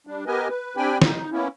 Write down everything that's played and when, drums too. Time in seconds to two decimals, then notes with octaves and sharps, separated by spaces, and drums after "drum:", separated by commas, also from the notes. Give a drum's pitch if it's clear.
0.07 G3 D4
0.27 B3 G4 A#4 B4 D#5 G#5
0.49 B4
0.77 C4 D4 G4 G5 G#5 B5
1.02 D#4, drum: snare
1.32 A#3 B3 C#4 E4